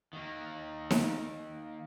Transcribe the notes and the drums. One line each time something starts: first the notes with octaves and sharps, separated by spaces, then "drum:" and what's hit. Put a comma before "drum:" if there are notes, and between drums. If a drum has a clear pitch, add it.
D#3 A#3
drum: snare D#4